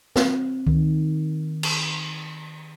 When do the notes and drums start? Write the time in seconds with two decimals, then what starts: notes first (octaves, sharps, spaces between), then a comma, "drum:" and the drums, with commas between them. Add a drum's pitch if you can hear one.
0.16 C4, drum: snare
0.67 D#3, drum: kick C#2
1.63 drum: cymbal